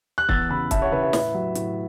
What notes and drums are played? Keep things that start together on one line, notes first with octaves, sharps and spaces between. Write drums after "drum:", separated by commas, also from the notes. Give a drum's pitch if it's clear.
F#6
E2 E6 A6, drum: kick
C#3 E3 B5 E6
E2 E5 A5, drum: kick, hi-hat
C#5 F#5
C#3 E3 B4 E5
B4 E5
A2, drum: snare
F#3
A2, drum: hi-hat